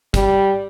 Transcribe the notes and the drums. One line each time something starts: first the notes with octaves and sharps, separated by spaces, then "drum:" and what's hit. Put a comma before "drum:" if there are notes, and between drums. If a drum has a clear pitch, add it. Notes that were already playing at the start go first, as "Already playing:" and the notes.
G3, drum: kick, hi-hat